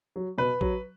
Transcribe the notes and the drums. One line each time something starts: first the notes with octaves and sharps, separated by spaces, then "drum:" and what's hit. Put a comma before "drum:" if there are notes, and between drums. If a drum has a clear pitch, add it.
F#3
B2 B4
F#3, drum: kick